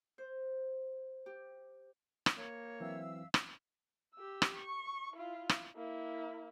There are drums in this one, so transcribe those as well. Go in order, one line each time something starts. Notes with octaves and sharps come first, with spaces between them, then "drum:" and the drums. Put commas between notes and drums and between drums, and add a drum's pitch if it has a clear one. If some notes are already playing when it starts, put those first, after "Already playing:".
C5
G4
drum: rim click
A#3 C#5
E3 F#3 C4 E5 F5 E6
drum: rim click
G4 E6
drum: rim click
C#6
E4 F4
drum: rim click
A#3 E4